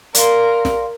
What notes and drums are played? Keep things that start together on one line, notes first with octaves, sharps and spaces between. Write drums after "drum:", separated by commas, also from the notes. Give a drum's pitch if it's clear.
A#4 D5 F5 C6, drum: hi-hat
drum: snare